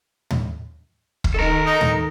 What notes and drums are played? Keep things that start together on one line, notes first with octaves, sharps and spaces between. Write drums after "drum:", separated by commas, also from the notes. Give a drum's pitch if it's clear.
drum: tom
drum: kick
D#3 A4 A#5
D#4
drum: tom